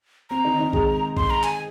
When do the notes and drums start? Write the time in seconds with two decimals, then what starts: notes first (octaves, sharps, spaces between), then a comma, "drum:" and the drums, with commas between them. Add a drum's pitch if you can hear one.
0.30 C4 A#5
0.44 D#3 D#4
0.59 D#3 D#4
0.73 G#3 G#4, drum: kick A#1
1.17 C6, drum: kick A#1
1.30 A#5
1.44 G#5, drum: clap